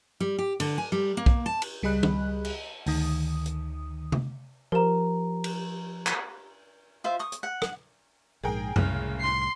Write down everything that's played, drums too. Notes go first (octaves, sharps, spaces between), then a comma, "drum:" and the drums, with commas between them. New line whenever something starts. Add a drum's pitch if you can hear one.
G3
G4
D3, drum: cymbal
G#5
G3
A#3
drum: kick
A5
drum: cymbal
C#2 G3 G#4 D#5 B5 F#6
drum: tom
drum: cymbal
D2 D#3 D#6, drum: open hi-hat
drum: hi-hat
drum: tom C3
F3 G4 A#4 A#5 E7
drum: cymbal
drum: clap
F4 C5 E5
C#6 D#6
drum: hi-hat
F#5
drum: rim click
A#1 G#2 G#4 A#4 G5
F#1 C2 A2 C#3 F6, drum: tom F#2
C6 C7